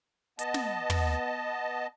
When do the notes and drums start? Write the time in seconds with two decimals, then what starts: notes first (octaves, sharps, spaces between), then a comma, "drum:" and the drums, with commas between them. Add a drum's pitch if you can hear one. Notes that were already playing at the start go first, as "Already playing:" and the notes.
0.39 B3 D#5 A5, drum: hi-hat
0.54 drum: snare
0.90 drum: tom